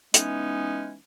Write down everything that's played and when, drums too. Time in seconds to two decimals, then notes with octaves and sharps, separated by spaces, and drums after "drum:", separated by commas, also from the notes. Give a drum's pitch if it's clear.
0.14 E3 G#3 B3 C#4 D#4, drum: hi-hat